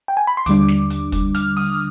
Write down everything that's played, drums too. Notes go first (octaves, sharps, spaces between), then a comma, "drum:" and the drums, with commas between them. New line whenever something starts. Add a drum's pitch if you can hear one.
G5
G#5
B5
C6
D#2 D3 G3 D4 D6, drum: hi-hat
drum: snare
drum: hi-hat
drum: kick, hi-hat
F6, drum: hi-hat
D#6, drum: open hi-hat